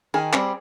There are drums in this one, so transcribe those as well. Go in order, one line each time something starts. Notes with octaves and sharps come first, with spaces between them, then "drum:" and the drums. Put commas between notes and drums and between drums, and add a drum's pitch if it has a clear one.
D#3 G#4
G3 C4, drum: clap